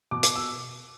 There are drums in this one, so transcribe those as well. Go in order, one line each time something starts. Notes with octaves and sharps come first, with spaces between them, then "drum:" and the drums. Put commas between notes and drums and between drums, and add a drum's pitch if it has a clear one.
B2 D6
D6, drum: hi-hat
E6